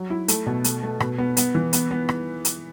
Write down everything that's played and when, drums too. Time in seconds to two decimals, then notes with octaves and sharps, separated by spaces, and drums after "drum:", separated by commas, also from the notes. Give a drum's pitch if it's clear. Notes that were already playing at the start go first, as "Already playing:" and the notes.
Already playing: F#3
0.10 E4
0.28 A3, drum: hi-hat
0.46 B2
0.64 A3, drum: hi-hat
0.83 A3
1.00 B2, drum: rim click
1.18 B3
1.37 B3, drum: hi-hat
1.55 E3
1.73 B3, drum: hi-hat
1.91 B3
2.09 drum: rim click
2.45 drum: hi-hat